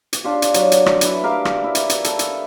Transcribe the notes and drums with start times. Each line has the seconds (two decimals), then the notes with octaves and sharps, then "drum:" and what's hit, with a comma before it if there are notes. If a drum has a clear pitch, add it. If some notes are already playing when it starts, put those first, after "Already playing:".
0.13 drum: hi-hat
0.24 D4 F4 G4
0.42 drum: hi-hat
0.54 F#3, drum: hi-hat
0.72 drum: hi-hat
0.86 drum: rim click
1.01 E4 B4, drum: hi-hat
1.23 G4 A#4 E5 F5
1.45 drum: rim click
1.64 E4
1.75 drum: hi-hat
1.90 drum: hi-hat
2.04 A4, drum: hi-hat
2.19 drum: hi-hat